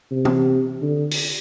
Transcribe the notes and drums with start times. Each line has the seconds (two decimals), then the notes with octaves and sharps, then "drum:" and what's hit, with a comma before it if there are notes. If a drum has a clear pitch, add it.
0.11 C3
0.25 drum: tom
0.82 D3
1.11 drum: open hi-hat